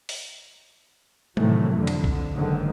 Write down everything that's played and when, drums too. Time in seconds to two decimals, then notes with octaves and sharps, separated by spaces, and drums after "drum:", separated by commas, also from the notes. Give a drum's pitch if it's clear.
0.09 drum: open hi-hat
1.37 A2 C3 D#3 E3 F#3 A3, drum: tom G3
1.75 F2 D3
1.87 drum: cymbal
2.04 drum: kick B1
2.34 F#1 G#2 D3 D#3